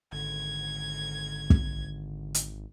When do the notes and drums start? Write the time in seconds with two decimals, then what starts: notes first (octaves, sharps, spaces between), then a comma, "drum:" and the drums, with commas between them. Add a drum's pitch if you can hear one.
0.12 G#1 D3 G#6
1.50 drum: kick
2.35 drum: hi-hat